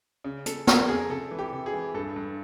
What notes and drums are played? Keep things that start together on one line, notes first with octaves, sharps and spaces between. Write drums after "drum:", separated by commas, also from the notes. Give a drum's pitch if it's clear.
C#3
C#3 A4, drum: hi-hat
F2 A#4, drum: snare
F2 G#4
C3 A4
E3
G4
C3
G#4
E3
G2 A4
G2